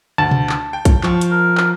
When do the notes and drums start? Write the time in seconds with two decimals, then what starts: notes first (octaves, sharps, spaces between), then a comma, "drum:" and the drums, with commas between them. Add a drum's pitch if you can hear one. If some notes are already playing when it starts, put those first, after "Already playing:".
0.18 D2 A5
0.31 drum: tom B2
0.49 drum: clap
0.73 G5
0.85 drum: kick B1, hi-hat
1.03 F3 C#6, drum: clap
1.21 drum: hi-hat
1.31 A#4
1.57 drum: clap